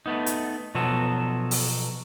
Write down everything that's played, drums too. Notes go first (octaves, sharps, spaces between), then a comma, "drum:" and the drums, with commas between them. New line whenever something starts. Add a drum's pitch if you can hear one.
A3 B3 D#4
drum: hi-hat
B2 F3 F#3 B3 A4
drum: open hi-hat